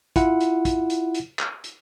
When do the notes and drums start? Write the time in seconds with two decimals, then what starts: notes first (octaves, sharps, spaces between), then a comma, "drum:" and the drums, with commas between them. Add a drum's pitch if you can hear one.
0.16 E4 F4 F#5, drum: kick, hi-hat
0.40 drum: hi-hat
0.65 drum: kick, hi-hat
0.90 drum: hi-hat
1.15 drum: hi-hat
1.39 drum: clap
1.64 drum: hi-hat